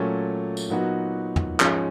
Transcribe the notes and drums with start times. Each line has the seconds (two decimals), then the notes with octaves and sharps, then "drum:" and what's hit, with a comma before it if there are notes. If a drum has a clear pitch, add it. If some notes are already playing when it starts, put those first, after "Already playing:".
Already playing: A#2 F#3 A3 C#4
0.57 drum: tambourine
0.69 A#2 F#3 B3 D#4 F#4
1.36 drum: tom
1.60 G#2 F3 G#3 C#4, drum: clap